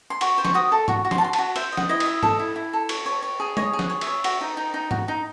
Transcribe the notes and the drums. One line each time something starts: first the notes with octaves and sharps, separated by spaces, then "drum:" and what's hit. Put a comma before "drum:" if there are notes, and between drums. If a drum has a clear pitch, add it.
C6
F#4 C#6, drum: cymbal
C5
C#6, drum: snare F3
F#4 D#6
A4
F#4 C#6, drum: tom G#2
F#4
C6, drum: snare F3
A5
F#4 C6
A5, drum: cymbal
F#4
C5 E5, drum: cymbal
D#5
F#5, drum: snare F3
E4 D#5
E5, drum: cymbal
D#5
A4, drum: tom G#2
E4
E4
A4
C#5, drum: cymbal
C#5
C#5
G#4
C#5 D#5, drum: tom G3
G#4
F#5, drum: snare F3
C#5
E5, drum: cymbal
C#5
F#4, drum: cymbal
D#4
D#4
D#4
F#4, drum: tom G#2
D#4